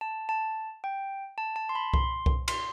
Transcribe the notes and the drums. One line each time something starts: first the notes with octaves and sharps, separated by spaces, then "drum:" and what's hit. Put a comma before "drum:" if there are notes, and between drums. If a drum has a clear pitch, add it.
A5
A5
G5
A5
A5
C6
B5
C6, drum: kick C2
drum: kick C2
C6, drum: cymbal